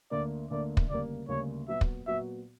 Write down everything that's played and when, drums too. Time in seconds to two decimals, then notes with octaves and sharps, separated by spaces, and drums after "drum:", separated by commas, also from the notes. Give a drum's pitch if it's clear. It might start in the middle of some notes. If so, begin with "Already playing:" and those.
0.11 D2 D3 A#3 D5
0.51 D2 D3 A#3 D5
0.77 drum: kick
0.89 D2 C#3 G3 A#3 D5
1.29 D2 C#3 G3 A#3 C#5
1.68 A#2 F#3 B3 F#4 E5
1.81 drum: kick
2.07 A#2 F#3 B3 F#4 E5